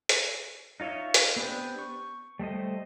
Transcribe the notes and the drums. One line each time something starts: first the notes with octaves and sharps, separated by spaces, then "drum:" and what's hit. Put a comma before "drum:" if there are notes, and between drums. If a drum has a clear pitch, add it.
drum: hi-hat
D#4 F4 C#5 D#5 E5
drum: hi-hat
B3 C4 D4 G4
C#6
G3 A3 C5 D#5